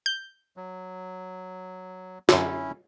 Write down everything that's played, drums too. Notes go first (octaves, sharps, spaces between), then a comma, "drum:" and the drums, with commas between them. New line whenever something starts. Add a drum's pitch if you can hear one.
G6
F#3
F#2 D3 C#4 E4, drum: snare